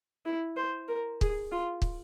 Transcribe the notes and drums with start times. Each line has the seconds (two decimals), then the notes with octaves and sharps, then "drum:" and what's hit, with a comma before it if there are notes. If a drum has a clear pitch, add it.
0.26 E4
0.57 C5
0.88 A#4
1.21 G#4, drum: kick
1.52 F4
1.82 drum: kick